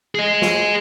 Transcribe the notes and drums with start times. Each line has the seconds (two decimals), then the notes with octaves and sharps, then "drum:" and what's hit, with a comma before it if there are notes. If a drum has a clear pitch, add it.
0.15 G#4 D#5
0.42 drum: snare